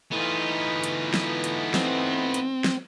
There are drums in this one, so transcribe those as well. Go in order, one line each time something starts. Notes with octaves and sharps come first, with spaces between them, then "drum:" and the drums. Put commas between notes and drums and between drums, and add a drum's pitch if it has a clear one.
E3 A3 B3 D#4 F4
drum: hi-hat
drum: snare
drum: hi-hat
C4, drum: snare
drum: hi-hat
drum: snare